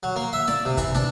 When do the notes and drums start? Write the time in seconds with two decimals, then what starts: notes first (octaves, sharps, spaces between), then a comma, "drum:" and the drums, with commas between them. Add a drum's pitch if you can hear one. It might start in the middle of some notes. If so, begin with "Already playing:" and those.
0.03 F#3
0.16 A#3
0.33 E5
0.48 D5, drum: snare
0.65 C3
0.77 E3, drum: kick, hi-hat
0.95 D4, drum: snare